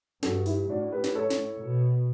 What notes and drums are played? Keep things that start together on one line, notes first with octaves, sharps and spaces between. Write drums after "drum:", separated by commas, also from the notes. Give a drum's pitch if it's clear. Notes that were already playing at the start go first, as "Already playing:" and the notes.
G2 F#4 A4, drum: snare
E4 G4, drum: open hi-hat
A2 D4 F#4
G4 B4
B4, drum: snare
A4 C#5
drum: snare
B2